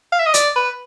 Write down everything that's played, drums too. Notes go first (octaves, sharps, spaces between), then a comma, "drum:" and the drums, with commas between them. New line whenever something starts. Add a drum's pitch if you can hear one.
F5
E5
D#5
D5, drum: hi-hat
B4